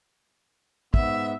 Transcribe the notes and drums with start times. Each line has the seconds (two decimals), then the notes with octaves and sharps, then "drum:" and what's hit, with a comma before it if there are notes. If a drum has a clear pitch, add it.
0.94 G#2 B3 E5, drum: kick